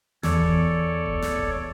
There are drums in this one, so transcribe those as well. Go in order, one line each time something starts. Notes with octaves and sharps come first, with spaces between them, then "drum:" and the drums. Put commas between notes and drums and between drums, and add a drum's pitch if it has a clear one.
E2 A4 C#5 D5, drum: snare
drum: kick F1
drum: kick F1
drum: snare
drum: kick F1